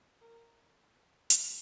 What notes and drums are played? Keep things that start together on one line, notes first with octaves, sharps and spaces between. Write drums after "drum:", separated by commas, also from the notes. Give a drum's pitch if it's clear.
A#4
drum: hi-hat